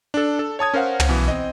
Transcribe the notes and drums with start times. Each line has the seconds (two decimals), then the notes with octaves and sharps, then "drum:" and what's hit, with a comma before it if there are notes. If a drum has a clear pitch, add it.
0.14 D4 A4
0.39 A4
0.59 C#5 A5 D#6 G#6
0.74 C#4 A#4 C5 F5 F#5
1.00 drum: tom
1.09 B2 E3 B3
1.28 C4 D#5